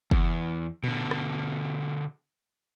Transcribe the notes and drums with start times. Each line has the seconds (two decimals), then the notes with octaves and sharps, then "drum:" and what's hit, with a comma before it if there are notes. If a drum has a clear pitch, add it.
0.11 E2, drum: kick
0.84 B2 D3, drum: tom A#2
1.11 drum: rim click